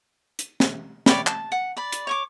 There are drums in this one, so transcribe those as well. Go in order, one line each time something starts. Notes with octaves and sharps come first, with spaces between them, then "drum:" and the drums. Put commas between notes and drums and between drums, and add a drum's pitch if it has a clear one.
drum: hi-hat
drum: snare
C#5 D5 G5 B5, drum: snare
A5, drum: clap
F#5
D5 B5
drum: hi-hat
C#5 C#6 D6